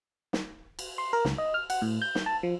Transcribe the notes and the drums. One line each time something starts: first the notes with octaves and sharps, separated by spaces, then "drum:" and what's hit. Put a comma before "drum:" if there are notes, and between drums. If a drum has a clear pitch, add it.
drum: snare
drum: cymbal
C6
A#4
C#2, drum: snare
D#5
F6
F#5, drum: cymbal
A2
G6
drum: snare
A5
F3